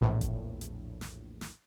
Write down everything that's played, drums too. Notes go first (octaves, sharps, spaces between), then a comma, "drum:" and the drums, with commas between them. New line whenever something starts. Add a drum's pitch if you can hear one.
A#1 E2 A2
drum: kick G1, hi-hat
drum: hi-hat
drum: snare
drum: snare